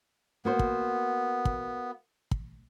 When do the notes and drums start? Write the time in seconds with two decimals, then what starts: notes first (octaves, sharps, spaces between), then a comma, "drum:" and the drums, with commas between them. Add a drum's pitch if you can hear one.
0.45 A#3 B3 F#4 C5
0.59 drum: kick
1.45 drum: kick
2.31 drum: kick